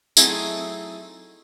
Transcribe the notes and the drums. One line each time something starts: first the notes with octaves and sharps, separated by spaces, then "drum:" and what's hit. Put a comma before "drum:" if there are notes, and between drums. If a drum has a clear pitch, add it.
F#3 A3 C4 D#4 E4 G#4, drum: tambourine